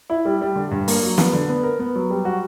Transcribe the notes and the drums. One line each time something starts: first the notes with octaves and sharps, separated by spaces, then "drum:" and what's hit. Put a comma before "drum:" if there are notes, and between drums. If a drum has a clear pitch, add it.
E4
G3
G3
D3
G2
A#3, drum: open hi-hat
F#3
B3, drum: snare
D3
B3
A#4
B3
F#3
G3
F#4